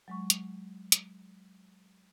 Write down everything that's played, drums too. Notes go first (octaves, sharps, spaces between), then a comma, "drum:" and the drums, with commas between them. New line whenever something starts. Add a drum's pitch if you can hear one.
F#3 G#3 C#6
drum: hi-hat
drum: hi-hat